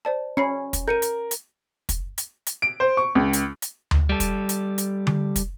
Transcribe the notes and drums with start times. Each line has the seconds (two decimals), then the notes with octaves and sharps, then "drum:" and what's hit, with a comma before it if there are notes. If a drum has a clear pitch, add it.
0.05 C5 D5 A5
0.37 C#4 B5 C7 C#7
0.73 drum: kick, hi-hat
0.88 A#4 G6 C#7 D#7
1.02 drum: hi-hat
1.31 drum: hi-hat
1.89 drum: kick, hi-hat
2.18 drum: hi-hat
2.47 drum: hi-hat
2.62 D7
2.80 C5
2.97 C#6
3.15 C#2
3.33 drum: hi-hat
3.62 drum: hi-hat
3.91 drum: tom D2
4.09 G3 A4
4.20 drum: kick, hi-hat
4.49 drum: hi-hat
4.78 drum: hi-hat
5.07 drum: tom D3
5.36 drum: kick, hi-hat